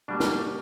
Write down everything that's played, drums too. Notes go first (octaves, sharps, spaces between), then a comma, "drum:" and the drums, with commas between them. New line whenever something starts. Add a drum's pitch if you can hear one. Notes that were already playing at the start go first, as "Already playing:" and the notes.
B2 G3 A#3 D4
drum: snare